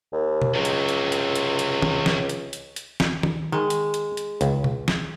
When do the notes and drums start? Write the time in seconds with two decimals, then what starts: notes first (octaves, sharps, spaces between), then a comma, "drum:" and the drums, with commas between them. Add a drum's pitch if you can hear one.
0.12 D#2
0.42 drum: tom B2
0.54 C#2 C3 F#3
0.65 drum: hi-hat
0.89 drum: hi-hat
1.12 drum: hi-hat
1.35 drum: hi-hat
1.59 drum: hi-hat
1.82 drum: tom D#3
2.06 drum: snare
2.29 drum: hi-hat
2.53 drum: hi-hat
2.76 drum: hi-hat
3.00 drum: snare
3.23 drum: tom D#3
3.52 D#3 G#3
3.70 drum: hi-hat
3.94 drum: hi-hat
4.17 drum: hi-hat
4.41 C#2, drum: hi-hat
4.64 drum: tom B2
4.88 drum: snare